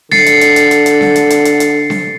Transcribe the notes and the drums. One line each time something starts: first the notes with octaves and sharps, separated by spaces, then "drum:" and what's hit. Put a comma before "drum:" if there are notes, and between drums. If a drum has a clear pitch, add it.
D3 A6 C7 C#7, drum: snare C4
drum: hi-hat
drum: hi-hat
drum: hi-hat
drum: hi-hat
drum: hi-hat
drum: snare C4
drum: hi-hat
drum: hi-hat
drum: hi-hat
drum: hi-hat
drum: snare C4